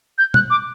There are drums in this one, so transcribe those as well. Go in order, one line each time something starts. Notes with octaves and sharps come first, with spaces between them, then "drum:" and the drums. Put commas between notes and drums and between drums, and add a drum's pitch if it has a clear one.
G6
F#6, drum: tom B2
D6